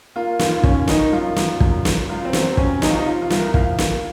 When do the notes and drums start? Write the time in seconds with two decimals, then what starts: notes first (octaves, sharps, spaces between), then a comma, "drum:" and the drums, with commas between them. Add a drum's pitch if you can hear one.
0.16 A#3 F4
0.39 D#2 F4, drum: snare
0.63 D#2 C#4, drum: kick
0.88 D#3 D#4, drum: snare
1.12 F#2 F4
1.36 F#2, drum: snare
1.60 F#2, drum: kick
1.85 F#2, drum: snare
2.09 C#2 F4
2.25 C4
2.33 F#3, drum: snare
2.42 C4
2.57 C#2 C#4, drum: kick
2.82 C3 D#4, drum: snare
2.90 F4
2.97 D#4
3.06 F3 F4
3.22 F4
3.30 C2, drum: snare
3.38 A#4
3.54 F3 F5, drum: kick
3.78 A#3, drum: snare